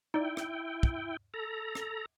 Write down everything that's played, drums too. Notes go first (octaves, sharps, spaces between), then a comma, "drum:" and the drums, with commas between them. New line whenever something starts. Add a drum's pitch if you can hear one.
D#4 E4 D5 G5
drum: rim click
drum: kick
A4 A#5
drum: rim click